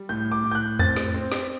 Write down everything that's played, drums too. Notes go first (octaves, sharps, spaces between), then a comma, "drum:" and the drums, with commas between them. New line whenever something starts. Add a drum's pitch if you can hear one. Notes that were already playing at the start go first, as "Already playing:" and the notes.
Already playing: G3
A2 G6
D6
A2
G6
F#6
C4 A6, drum: tom E2
drum: snare
C4
drum: snare